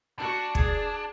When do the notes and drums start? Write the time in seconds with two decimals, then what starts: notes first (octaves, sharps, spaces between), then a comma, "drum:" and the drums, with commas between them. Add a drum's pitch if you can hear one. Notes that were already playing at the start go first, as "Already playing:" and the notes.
0.19 D4 F#4 C#6
0.55 G#4, drum: kick